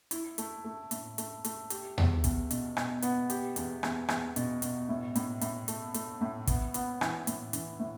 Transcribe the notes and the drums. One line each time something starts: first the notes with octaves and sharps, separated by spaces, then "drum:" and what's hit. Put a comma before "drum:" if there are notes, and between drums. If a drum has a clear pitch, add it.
E4, drum: hi-hat
A3, drum: hi-hat
A3
A2, drum: hi-hat
A3, drum: hi-hat
A3, drum: hi-hat
G4, drum: hi-hat
E2, drum: tom D#2
E2, drum: kick, hi-hat
B2, drum: hi-hat
B2, drum: rim click
B3, drum: hi-hat
G4, drum: hi-hat
E2, drum: hi-hat
E2, drum: rim click
E2, drum: rim click
B2, drum: hi-hat
B2, drum: hi-hat
A2
A2, drum: hi-hat
A2, drum: hi-hat
A3, drum: hi-hat
A3, drum: hi-hat
A2
B3, drum: kick, hi-hat
B3, drum: hi-hat
E3, drum: rim click
A2, drum: hi-hat
E3, drum: hi-hat
A2